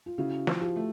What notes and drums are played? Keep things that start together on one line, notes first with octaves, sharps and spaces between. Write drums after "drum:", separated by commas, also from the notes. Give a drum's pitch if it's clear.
F4
C#3 E4 F#4
F3, drum: snare
F4 G4
A3